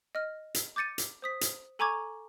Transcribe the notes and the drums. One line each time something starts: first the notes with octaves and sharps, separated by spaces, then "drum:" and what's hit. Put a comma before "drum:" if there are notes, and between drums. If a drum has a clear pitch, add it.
D#5 F6
drum: hi-hat
D6 G6 A6 C#7 D#7
drum: hi-hat
C5 D#6 B6
drum: hi-hat
A4 G#5 A#5 C#6 D6 G#6